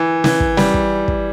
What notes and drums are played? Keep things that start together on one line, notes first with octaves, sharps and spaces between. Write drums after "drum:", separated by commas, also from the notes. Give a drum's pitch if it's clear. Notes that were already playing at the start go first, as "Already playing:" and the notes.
Already playing: E3
E3, drum: snare
drum: kick
G3, drum: snare
drum: kick
drum: kick